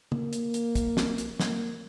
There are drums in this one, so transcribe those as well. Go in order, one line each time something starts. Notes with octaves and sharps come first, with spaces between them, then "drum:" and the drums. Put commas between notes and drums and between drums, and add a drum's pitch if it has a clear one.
A#3, drum: tom
drum: hi-hat
drum: hi-hat
drum: kick, hi-hat
drum: snare
drum: hi-hat
A#3, drum: snare